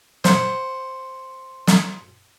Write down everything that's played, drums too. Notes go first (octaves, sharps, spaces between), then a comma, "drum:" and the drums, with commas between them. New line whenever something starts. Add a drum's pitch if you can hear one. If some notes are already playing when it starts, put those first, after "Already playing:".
C5 F#5, drum: snare
drum: snare